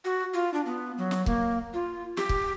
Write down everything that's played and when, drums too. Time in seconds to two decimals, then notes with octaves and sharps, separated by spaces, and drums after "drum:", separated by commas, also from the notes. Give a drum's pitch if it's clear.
0.05 F#4
0.34 F4
0.54 D4
0.66 B3
0.98 F#3
1.11 drum: snare
1.26 A#3, drum: kick C#1
1.74 F4
2.17 G4, drum: snare
2.29 drum: kick C#1